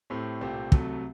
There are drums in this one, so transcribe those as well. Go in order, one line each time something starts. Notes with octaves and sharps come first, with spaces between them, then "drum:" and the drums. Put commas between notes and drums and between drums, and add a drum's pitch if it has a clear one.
A2 A3 C4 G4
C2 A#2 A3 C4 G4
C2 C3 F#3 A3, drum: kick